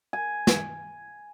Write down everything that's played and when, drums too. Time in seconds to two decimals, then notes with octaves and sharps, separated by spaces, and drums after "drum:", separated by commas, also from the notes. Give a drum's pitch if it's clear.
0.13 G#5
0.47 drum: snare